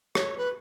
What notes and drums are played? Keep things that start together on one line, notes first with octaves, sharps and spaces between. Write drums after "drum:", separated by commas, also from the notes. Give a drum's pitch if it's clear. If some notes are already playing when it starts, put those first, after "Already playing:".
C#5, drum: rim click
B4